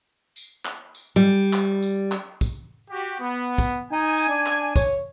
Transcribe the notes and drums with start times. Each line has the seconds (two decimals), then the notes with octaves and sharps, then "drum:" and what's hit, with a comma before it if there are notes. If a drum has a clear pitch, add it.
0.36 drum: tambourine
0.65 drum: clap
0.95 drum: tambourine
1.16 G3
1.53 drum: clap
1.83 drum: tambourine
2.12 drum: clap
2.41 drum: kick, tambourine
2.91 F#4 G4
3.20 B3
3.58 drum: kick, tambourine
3.92 D#4 G#5
4.17 drum: tambourine
4.29 D4
4.46 drum: clap
4.76 C#5, drum: kick, tambourine